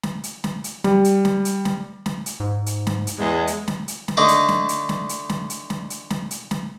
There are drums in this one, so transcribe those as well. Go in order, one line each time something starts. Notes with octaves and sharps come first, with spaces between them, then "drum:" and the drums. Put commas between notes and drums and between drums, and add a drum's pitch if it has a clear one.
drum: snare
drum: hi-hat
drum: snare
drum: hi-hat
G3, drum: snare
drum: hi-hat
drum: snare
drum: hi-hat
drum: snare
drum: snare
drum: hi-hat
G#2
drum: hi-hat
drum: snare
drum: hi-hat
E2 G#3 G#4
drum: hi-hat
drum: snare
drum: hi-hat
drum: snare
D3 A3 D#4 D6
drum: hi-hat
drum: snare
drum: hi-hat
drum: snare
drum: hi-hat
drum: snare
drum: hi-hat
drum: snare
drum: hi-hat
drum: snare
drum: hi-hat
drum: snare